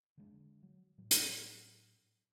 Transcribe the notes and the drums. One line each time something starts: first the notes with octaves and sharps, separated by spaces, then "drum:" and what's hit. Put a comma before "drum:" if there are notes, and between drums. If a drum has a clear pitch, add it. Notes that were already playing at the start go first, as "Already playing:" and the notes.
D3 G#3 D4
F#3
A2 F#3
drum: hi-hat